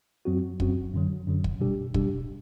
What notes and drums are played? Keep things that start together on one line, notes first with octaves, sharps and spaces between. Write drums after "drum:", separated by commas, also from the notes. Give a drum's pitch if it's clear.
F#2 F#3 C4 F#4
F#2 F#3 C4 F#4, drum: kick
F#2 D3 F#3
F#2 D3 F#3
drum: kick
B2 G3 D4 G4
B2 G3 D4 G4, drum: kick